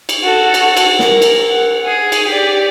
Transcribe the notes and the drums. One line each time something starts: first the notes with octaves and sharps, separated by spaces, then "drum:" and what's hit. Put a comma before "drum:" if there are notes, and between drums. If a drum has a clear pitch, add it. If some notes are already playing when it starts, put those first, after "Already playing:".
drum: cymbal
F#4 A4
drum: cymbal
drum: cymbal
A#4, drum: snare
drum: cymbal
F#5
G#4
drum: cymbal
G4 D5